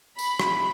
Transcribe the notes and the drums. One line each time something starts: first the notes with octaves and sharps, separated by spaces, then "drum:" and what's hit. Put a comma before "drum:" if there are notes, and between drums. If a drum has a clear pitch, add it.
B5, drum: tambourine
drum: rim click